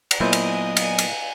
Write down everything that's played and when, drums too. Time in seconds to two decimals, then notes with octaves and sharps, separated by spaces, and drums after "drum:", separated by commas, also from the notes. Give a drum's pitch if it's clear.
0.11 drum: cymbal
0.20 A#2 F#3 B3 E4 C5 D#5 G#5
0.33 drum: cymbal
0.77 G#5, drum: cymbal
0.98 drum: cymbal